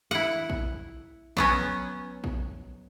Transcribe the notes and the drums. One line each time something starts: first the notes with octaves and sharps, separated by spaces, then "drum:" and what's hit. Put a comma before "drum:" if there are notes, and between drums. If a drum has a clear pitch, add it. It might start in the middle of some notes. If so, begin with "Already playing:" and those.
E4 F#5
drum: kick A#1
F#3 B3 C#4, drum: kick A#1
drum: kick A#1